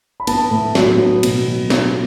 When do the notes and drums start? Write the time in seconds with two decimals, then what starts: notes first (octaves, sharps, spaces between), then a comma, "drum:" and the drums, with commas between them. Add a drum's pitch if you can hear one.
0.20 B5
0.27 B3 A5, drum: cymbal
0.51 A2
0.75 F#3, drum: snare
0.99 B3
1.23 B2, drum: cymbal
1.47 F#3
1.70 drum: snare